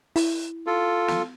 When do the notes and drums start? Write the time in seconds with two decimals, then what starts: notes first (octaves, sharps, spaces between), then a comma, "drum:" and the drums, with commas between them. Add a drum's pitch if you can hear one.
0.16 E4, drum: open hi-hat
0.67 F4 A4
1.08 drum: snare